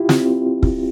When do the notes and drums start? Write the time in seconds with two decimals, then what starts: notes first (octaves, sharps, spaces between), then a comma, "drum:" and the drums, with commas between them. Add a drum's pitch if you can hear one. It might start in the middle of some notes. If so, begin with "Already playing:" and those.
Already playing: E4 F4 G4
0.09 C4, drum: snare
0.63 drum: kick